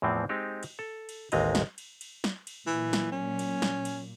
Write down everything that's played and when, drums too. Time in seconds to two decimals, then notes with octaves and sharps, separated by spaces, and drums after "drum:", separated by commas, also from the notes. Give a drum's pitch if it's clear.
0.02 E2 A2 E3 F3 C4
0.29 G#3 C4 D#4 G4
0.63 drum: cymbal
0.79 A4
1.09 drum: cymbal
1.32 A1 D#2 G#3 C4 D#5 A#5, drum: cymbal
1.55 drum: snare
1.78 drum: cymbal
2.01 drum: cymbal
2.24 drum: snare
2.47 drum: cymbal
2.67 A#2 E3 F#3
2.93 drum: snare
3.12 C#4
3.39 drum: cymbal
3.62 drum: snare
3.85 drum: cymbal